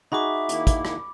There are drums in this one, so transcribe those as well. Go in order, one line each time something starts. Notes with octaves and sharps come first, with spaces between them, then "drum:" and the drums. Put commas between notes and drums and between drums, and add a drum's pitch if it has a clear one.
D#4 F#4 G#4 E5 B5 D6
D#3 A#3 E4, drum: hi-hat
drum: kick, hi-hat
drum: rim click